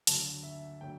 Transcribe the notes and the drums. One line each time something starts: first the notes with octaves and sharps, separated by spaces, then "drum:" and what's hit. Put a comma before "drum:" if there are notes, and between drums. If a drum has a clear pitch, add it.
D2 D3 F#3 A5, drum: hi-hat
E5
D3 F#3 G5